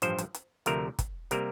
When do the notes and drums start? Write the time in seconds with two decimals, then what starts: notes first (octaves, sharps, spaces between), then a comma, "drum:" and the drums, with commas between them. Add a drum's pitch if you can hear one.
0.02 A1 G2 F3 C5, drum: hi-hat
0.18 drum: hi-hat
0.34 drum: hi-hat
0.66 D2 C3 F3 A3 A#4, drum: hi-hat
0.99 drum: kick, hi-hat
1.31 C3 G3 A#3 A#4, drum: hi-hat